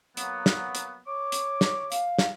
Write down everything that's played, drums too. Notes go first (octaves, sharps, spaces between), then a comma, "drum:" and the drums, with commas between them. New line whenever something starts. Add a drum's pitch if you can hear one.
F#3 A#3 B3, drum: hi-hat
drum: snare
drum: hi-hat
C#5 D6
drum: hi-hat
drum: snare
F5, drum: hi-hat
drum: snare